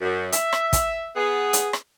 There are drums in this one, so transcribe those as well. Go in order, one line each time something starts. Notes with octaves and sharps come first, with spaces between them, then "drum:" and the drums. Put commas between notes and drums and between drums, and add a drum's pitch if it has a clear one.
F#2
E5, drum: hi-hat
drum: rim click
drum: kick, hi-hat
B3 G#4
drum: hi-hat
drum: rim click